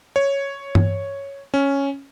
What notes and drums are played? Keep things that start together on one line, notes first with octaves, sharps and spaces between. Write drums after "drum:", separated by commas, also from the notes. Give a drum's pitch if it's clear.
C#5
drum: tom G2
C#4